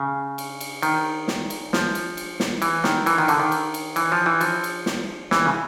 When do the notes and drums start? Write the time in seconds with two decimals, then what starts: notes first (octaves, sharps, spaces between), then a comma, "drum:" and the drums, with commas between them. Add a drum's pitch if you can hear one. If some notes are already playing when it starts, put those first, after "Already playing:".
Already playing: C#3
0.38 drum: cymbal
0.61 drum: cymbal
0.83 D#3, drum: cymbal
1.28 drum: snare
1.50 drum: cymbal
1.73 F3, drum: snare
1.95 drum: cymbal
2.17 drum: cymbal
2.40 drum: snare
2.62 E3, drum: cymbal
2.84 D#3, drum: snare
3.06 E3, drum: cymbal
3.18 D#3
3.28 D3, drum: cymbal
3.40 D#3
3.52 drum: cymbal
3.74 drum: cymbal
3.96 E3, drum: cymbal
4.12 F3
4.26 E3
4.41 F3, drum: cymbal
4.64 drum: cymbal
4.86 drum: snare
5.31 E3, drum: snare
5.46 C#3